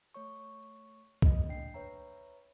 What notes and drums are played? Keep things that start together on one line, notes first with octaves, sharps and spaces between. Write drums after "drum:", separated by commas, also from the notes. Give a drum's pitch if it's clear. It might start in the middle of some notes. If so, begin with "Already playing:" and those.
A3 C#5 C#6
A3 A#3 D#5, drum: kick C2
D4 G5 C7
B4 C#5 E5 A#5